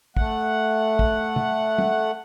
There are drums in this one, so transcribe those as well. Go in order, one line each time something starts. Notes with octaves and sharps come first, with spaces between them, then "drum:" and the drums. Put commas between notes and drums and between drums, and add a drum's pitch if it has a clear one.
A3 F#5, drum: kick
drum: kick
drum: tom
drum: tom